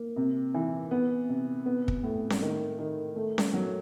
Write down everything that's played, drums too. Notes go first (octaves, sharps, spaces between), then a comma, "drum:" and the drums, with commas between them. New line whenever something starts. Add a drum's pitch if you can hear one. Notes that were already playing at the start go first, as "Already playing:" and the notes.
Already playing: A#3
C3
E3
B3
C3
B3
drum: kick
A2
drum: snare C#4
D#3
D#3
A3
drum: snare C#4
F#3